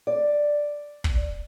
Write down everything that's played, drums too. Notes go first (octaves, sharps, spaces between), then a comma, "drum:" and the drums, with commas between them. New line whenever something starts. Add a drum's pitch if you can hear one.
D5
drum: kick